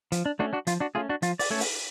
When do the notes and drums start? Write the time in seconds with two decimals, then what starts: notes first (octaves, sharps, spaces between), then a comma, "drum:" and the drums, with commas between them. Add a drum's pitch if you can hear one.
0.12 F3, drum: hi-hat
0.26 D4
0.39 A3 C#4 D4 F#4
0.53 D4 F#4
0.67 F3 F4, drum: hi-hat
0.80 D4 F#4
0.95 A3 C#4 F4 G#4
1.09 D4 F#4
1.22 F3 F4, drum: hi-hat
1.39 D5, drum: open hi-hat
1.50 A3 C#4 A4 C#5
1.60 drum: open hi-hat